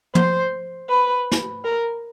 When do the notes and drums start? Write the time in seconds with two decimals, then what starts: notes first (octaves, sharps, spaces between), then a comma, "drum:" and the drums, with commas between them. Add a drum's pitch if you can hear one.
0.15 C5, drum: tom
0.90 B4
1.32 drum: snare
1.65 A#4